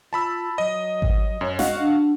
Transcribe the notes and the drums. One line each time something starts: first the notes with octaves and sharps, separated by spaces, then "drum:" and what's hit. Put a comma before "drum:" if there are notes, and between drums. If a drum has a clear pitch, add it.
F4 A5 B5 E6
F#3 D#5
drum: kick G#1
F#2 C#5
F#4 D#5 F5 F#5, drum: snare
D4